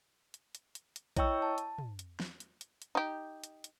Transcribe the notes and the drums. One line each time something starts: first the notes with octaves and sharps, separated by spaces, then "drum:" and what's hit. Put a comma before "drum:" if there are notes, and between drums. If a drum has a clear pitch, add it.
drum: hi-hat
drum: hi-hat
drum: hi-hat
drum: hi-hat
E4 C#5 D#5 G5 C#6 E6, drum: kick A#1, hi-hat
A5
drum: hi-hat
drum: tom
drum: hi-hat
drum: snare
drum: hi-hat
drum: hi-hat
drum: hi-hat
D#4 G4
drum: hi-hat
drum: hi-hat